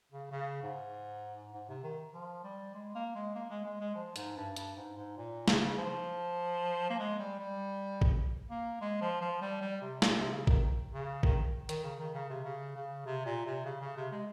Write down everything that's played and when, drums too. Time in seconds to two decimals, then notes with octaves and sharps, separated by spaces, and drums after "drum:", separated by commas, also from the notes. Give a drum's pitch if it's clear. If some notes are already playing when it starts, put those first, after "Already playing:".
0.12 C#3
0.31 C#3
0.63 G#2
1.53 G#2
1.69 C3
1.83 D#3
2.14 F3
2.44 G3
2.75 G#3
2.95 A#3
3.15 G#3
3.35 A#3
3.50 G#3
3.65 G#3
3.81 G#3
3.95 F3
4.16 G#2, drum: hi-hat
4.36 G2
4.56 G2, drum: hi-hat
4.76 G#2
4.97 G#2
5.17 A#2
5.48 C#3, drum: snare
5.78 F3
6.90 A#3
6.99 G#3
7.19 G3
7.39 G3
8.01 drum: kick A1
8.50 A#3
8.81 G#3
9.01 F3
9.21 F3
9.41 G3
9.61 G3
9.81 C3
10.02 A#2, drum: snare
10.17 C3
10.32 C#3
10.47 D#3, drum: kick A1
10.93 C#3
11.23 D#3, drum: kick A1
11.69 D#3, drum: hi-hat
11.83 C#3
11.99 D#3
12.14 C#3
12.30 C3
12.45 C#3
12.75 C#3
13.06 C3
13.25 A#2
13.46 C3
13.65 C#3
13.81 C#3
13.97 C3
14.12 G#3